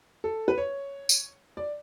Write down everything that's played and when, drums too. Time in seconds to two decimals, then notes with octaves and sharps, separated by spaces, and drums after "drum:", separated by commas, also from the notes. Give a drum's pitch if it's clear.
0.24 A4
0.48 B4
0.58 C#5
1.09 drum: tambourine
1.57 D5